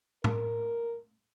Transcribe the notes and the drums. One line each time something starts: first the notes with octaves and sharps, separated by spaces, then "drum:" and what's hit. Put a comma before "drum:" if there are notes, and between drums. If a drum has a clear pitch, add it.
A#4, drum: tom